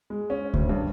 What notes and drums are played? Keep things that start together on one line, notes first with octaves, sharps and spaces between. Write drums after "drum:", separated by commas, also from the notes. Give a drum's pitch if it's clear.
G#3
C#4
D2, drum: kick C#2
G2